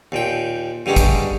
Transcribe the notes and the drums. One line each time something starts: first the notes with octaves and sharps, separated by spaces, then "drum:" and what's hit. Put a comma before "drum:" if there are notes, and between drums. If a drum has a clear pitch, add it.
D#2 A#2 G5
G2 D3 G3 G#3 C#4
drum: kick, hi-hat